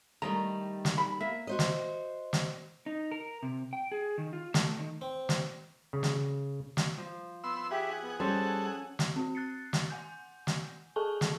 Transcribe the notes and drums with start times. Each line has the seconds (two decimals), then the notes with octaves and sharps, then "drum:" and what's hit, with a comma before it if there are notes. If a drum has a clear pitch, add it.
0.22 D#3 G3 A3 D#5 A#5
0.85 drum: snare
0.98 B5
1.20 A#3 E5
1.47 F#4 C5 D#5
1.59 drum: snare
2.33 drum: snare
2.86 D#4
3.12 A#4
3.43 C3
3.73 G5
3.92 G#4
4.18 D#3
4.33 F4
4.54 A3, drum: snare
4.79 D#3
5.01 C4
5.29 drum: snare
5.93 C#3
6.03 drum: snare
6.77 drum: snare
6.98 F3
7.44 B3 C6 E6
7.71 G4 G#4 E5 F#5
8.03 B3
8.20 G3 C#4 A4 C5 A5
8.99 drum: snare
9.16 C4 F#4
9.35 F#6 A6 C7 C#7
9.73 drum: snare
9.90 F#5 G#5 G6
10.47 drum: snare
10.96 G#4 A4 G#5 A5 C#6 G7
11.21 drum: snare